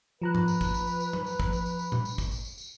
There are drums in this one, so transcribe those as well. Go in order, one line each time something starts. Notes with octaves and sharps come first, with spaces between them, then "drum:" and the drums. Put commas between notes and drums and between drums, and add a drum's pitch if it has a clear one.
F3 B4 A#5 F#6
drum: tom
drum: tambourine
drum: kick, tambourine
drum: tambourine
drum: tambourine
drum: tambourine
drum: tom
drum: tambourine
drum: kick
drum: tambourine
drum: tambourine
drum: tambourine
drum: tom A#2
drum: tambourine
drum: kick, tambourine
drum: tambourine
drum: tambourine
drum: tambourine